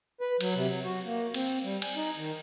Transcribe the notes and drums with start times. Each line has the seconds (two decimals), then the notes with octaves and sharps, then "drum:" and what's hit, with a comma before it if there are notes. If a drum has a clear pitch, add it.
0.21 B4
0.41 F#3, drum: cymbal
0.55 C3
0.68 F#3
0.84 F#4
1.05 A#3
1.34 C4, drum: cymbal
1.64 G3
1.82 G#5, drum: cymbal
1.96 D#4
2.17 D#3